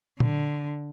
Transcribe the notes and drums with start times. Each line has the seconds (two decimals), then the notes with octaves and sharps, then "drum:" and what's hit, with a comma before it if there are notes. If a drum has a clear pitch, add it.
0.20 D3, drum: tom